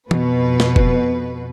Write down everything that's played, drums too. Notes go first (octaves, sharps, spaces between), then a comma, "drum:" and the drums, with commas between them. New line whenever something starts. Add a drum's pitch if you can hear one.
F2 B2 B4, drum: tom E3
drum: snare
drum: kick